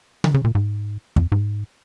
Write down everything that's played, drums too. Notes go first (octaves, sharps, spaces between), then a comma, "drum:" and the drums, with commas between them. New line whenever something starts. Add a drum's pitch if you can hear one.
D#3, drum: tom C#3
C#3
A#2
G#2
F2, drum: kick
G#2